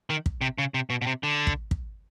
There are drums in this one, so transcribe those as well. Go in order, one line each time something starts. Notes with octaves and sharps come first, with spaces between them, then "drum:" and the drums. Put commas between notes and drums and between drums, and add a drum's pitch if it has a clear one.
D#3
drum: kick
C3
C#3
C3
B2
B2
C3
D3
drum: kick
drum: kick